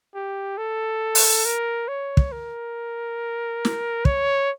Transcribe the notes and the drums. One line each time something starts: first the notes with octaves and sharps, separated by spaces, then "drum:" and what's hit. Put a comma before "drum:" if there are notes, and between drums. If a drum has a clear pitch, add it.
G4
A4
drum: open hi-hat
A#4
C#5
drum: kick
A#4
drum: snare
C#5, drum: kick